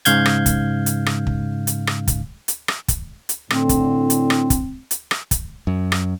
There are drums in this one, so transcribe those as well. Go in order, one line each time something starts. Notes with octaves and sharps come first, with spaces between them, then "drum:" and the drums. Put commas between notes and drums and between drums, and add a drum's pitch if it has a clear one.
G#2 C#3 F5 G6 G#6, drum: hi-hat
drum: rim click
drum: kick, hi-hat
drum: hi-hat
drum: rim click
drum: kick
drum: hi-hat
drum: rim click
drum: kick, hi-hat
drum: hi-hat
drum: rim click
drum: kick, hi-hat
drum: hi-hat
A2 D3 C4, drum: rim click
drum: kick, hi-hat
drum: hi-hat
drum: rim click
drum: kick, hi-hat
drum: hi-hat
drum: rim click
drum: kick, hi-hat
F#2
drum: rim click